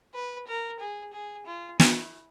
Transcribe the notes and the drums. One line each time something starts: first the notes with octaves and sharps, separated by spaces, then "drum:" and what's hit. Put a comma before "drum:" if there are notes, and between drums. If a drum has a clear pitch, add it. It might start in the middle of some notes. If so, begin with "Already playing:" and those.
B4
A#4
G#4
G#4
F4
E4, drum: snare